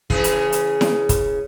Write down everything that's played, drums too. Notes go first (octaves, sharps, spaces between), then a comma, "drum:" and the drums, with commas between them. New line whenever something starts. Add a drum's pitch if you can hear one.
C#3 E3 G#4, drum: kick
drum: hi-hat
drum: hi-hat
drum: snare E4
drum: kick, hi-hat